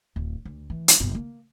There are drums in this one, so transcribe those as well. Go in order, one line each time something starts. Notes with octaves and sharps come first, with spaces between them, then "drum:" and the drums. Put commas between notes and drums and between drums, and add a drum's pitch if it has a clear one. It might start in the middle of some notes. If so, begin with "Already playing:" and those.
D1
D2
E3
drum: hi-hat
F#1 B2
A#3